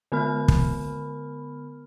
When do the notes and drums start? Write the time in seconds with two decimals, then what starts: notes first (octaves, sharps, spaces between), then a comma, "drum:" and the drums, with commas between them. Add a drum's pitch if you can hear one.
0.12 D3 B3 A#4 B5 F6
0.48 drum: kick